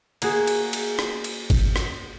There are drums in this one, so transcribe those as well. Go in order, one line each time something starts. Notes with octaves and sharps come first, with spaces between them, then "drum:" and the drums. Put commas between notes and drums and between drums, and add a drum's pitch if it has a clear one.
A#3 F#4 G#4, drum: cymbal
drum: cymbal
drum: cymbal
drum: rim click
drum: cymbal
drum: kick G1, cymbal
drum: rim click